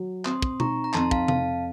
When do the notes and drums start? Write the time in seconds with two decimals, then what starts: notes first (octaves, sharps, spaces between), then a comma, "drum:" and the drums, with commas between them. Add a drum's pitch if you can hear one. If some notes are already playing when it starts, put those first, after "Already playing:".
Already playing: F#3
0.25 C4 C6 D#6, drum: clap
0.42 drum: kick
0.60 D#4 A#5 C#6, drum: tom B2
0.84 A#5
0.94 F2 A5 C6, drum: clap
1.11 F5 A5, drum: kick
1.28 F2 F5 A5, drum: tom C3